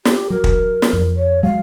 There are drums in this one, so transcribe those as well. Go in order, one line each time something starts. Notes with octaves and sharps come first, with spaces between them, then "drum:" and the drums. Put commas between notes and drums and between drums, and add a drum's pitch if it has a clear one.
G4, drum: snare
F#3 A#4
drum: kick
drum: snare
F2
C#5
F#3 G#3 F5